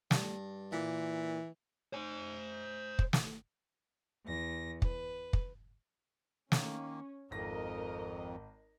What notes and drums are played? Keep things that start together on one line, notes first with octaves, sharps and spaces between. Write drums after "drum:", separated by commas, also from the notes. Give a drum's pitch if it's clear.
G2, drum: snare
A#2 E3
C5 G#5
drum: kick
drum: snare
E2 A#6
B4, drum: kick
drum: kick
D#3 A#3 C#4, drum: snare
G#1 F2 A#4 D#5 A#6